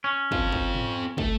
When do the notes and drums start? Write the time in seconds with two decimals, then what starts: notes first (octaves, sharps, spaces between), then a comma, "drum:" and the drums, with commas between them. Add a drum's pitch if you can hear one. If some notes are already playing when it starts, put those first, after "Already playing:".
0.04 C#4
0.32 C4 F4, drum: kick
0.52 drum: kick
0.74 drum: tom G#2
1.18 A3, drum: kick